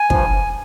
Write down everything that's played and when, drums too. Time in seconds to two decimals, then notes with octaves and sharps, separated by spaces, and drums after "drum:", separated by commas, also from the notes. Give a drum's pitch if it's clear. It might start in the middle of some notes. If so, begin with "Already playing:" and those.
Already playing: G#5
0.10 G2 F3, drum: kick